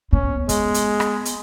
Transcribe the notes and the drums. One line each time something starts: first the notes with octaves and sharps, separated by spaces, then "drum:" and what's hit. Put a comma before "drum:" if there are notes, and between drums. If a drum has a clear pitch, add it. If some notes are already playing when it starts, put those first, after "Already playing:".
B3 C#4
G#3, drum: kick, hi-hat
drum: hi-hat
drum: rim click
drum: hi-hat